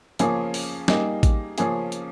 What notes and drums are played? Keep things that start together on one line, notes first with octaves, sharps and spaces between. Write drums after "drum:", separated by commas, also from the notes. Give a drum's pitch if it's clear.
C#3 F3 A#3 C#4 G#4, drum: hi-hat
drum: open hi-hat
G3 A#3 D#4 G#4, drum: snare
drum: kick A1, hi-hat
C#3 F3 A#3 C#4 G#4, drum: hi-hat
drum: hi-hat